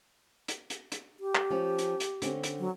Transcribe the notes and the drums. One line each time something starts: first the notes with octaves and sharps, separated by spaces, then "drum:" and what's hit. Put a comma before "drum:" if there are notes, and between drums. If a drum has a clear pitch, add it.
drum: hi-hat
drum: hi-hat
drum: hi-hat
G4
drum: clap
F3 C#4
drum: hi-hat
drum: hi-hat
D3 C4 C#4, drum: hi-hat
drum: hi-hat
F#3